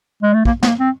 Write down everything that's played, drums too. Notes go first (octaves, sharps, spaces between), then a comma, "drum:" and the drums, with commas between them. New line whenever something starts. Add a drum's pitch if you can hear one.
G#3
A3
A#3, drum: kick
B3, drum: snare
A#3
C4